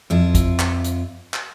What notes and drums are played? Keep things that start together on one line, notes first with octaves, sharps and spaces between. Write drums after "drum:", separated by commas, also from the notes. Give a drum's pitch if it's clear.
F2 E4 F4
drum: kick A1, hi-hat
drum: clap
drum: hi-hat
drum: clap